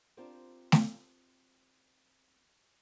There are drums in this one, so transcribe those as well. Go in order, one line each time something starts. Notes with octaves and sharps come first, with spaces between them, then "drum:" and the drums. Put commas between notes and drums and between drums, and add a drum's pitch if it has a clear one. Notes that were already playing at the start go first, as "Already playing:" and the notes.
C4 D4 F4 G4 A#4 C5
drum: snare A3